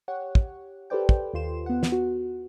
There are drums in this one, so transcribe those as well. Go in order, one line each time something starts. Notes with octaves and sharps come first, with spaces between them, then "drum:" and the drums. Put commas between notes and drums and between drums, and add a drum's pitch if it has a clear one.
G4 C#5 F#5
drum: kick
G4 A4 B4 C5 D5 G5
drum: kick
D#2 F4 C6 E7
B3 F#5
drum: snare
F#4